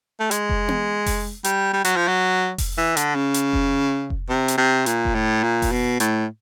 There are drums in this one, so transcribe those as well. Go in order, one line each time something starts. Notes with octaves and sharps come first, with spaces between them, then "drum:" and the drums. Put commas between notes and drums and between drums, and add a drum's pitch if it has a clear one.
A3
G#3, drum: hi-hat
drum: kick F1
drum: tom B3
drum: kick F1, open hi-hat
G3, drum: hi-hat
G3
F#3, drum: hi-hat
F3
F#3
drum: kick F1, open hi-hat
E3
D3, drum: hi-hat
C#3
drum: hi-hat
drum: kick F1
drum: kick F1
C3
drum: hi-hat
C3
A#2, drum: hi-hat
drum: kick F1
A2
A#2
drum: kick F1, open hi-hat
B2
A2, drum: hi-hat